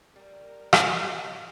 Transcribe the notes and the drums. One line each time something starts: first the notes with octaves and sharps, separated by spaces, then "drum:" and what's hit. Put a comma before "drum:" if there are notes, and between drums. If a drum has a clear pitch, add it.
G3 A#4
drum: rim click